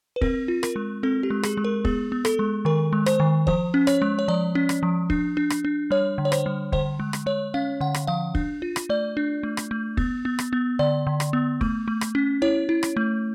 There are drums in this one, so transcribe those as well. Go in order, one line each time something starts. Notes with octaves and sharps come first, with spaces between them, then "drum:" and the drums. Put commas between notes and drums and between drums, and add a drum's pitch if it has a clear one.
B4
C4 A#4, drum: kick
F4
A#4, drum: rim click
G#3
C4 A4
G4
G#3
G#4, drum: rim click
G#3
A#4
B3 G#4, drum: kick
B3
A4, drum: rim click
G#3
D#3 A#4
G#3
C5, drum: rim click
D#3
F3 C5, drum: kick
C#4
C#5, drum: rim click
G#3
C#5
F3 D5
C#4
drum: rim click
F3
D4, drum: kick
D4
drum: rim click
D4
G3 C#5
D3
C#5
C5, drum: rim click
G3
D3 C5, drum: kick
G#3
drum: rim click
G#3 C#5
C#4 F5
D3 F#5
drum: rim click
F3 F5
D4, drum: kick
F4
drum: rim click
A3 D5
D4
A3
drum: rim click
A3
B3, drum: kick
B3
drum: rim click
B3
D3 D5
D3
drum: rim click
B3
A3, drum: kick
A3
drum: rim click
C#4
E4 C#5
E4
drum: rim click
A3